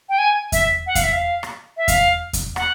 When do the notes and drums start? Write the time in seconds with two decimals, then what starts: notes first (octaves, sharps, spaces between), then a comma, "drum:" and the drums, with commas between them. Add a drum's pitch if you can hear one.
0.09 G5
0.18 G#5
0.52 E5, drum: kick E2, hi-hat
0.86 F#5
0.95 F5, drum: kick E2, hi-hat
1.03 E5
1.12 F5
1.43 drum: rim click
1.77 E5
1.88 F5, drum: kick E2, hi-hat
2.33 drum: kick E2, hi-hat
2.56 F#5, drum: rim click